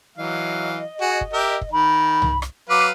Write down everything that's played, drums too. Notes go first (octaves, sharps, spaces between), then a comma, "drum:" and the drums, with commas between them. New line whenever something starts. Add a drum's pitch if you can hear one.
E3 F#3 D#5 F5
F#4 G#4
drum: kick
G4 A#4 E5
drum: kick
D#3 B5
drum: tom C2
drum: rim click
F#3 B4 F5 D6